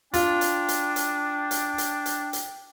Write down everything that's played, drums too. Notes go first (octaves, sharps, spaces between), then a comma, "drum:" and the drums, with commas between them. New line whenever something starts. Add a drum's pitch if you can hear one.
D4 F4 G5, drum: hi-hat
drum: hi-hat
drum: hi-hat
drum: hi-hat
drum: hi-hat
drum: hi-hat
drum: hi-hat
drum: hi-hat